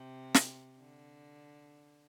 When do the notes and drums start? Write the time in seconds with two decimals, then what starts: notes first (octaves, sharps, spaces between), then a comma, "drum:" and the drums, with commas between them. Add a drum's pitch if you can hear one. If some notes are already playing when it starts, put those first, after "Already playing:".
Already playing: C3
0.34 drum: snare
0.79 D3